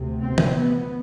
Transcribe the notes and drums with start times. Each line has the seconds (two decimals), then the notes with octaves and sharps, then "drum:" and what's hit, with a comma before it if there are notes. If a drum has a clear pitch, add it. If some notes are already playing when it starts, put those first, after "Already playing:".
Already playing: D2 C3
0.20 C4
0.38 drum: tom
0.56 B3